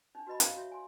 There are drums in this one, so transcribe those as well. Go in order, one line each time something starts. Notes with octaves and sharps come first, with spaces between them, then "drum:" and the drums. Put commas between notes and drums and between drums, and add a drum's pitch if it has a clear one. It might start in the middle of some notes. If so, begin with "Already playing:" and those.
D4 D#4
F#4 B4 D#5 B5
F5 B5, drum: hi-hat
F#4 C#5 E5
G#5 C6